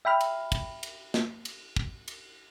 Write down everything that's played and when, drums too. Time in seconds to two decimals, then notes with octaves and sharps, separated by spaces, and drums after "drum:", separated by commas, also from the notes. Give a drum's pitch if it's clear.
0.05 E5 G5 B5 F6
0.21 drum: cymbal
0.52 drum: kick, cymbal
0.83 drum: cymbal
1.14 drum: snare
1.45 drum: cymbal
1.76 drum: kick
2.08 drum: cymbal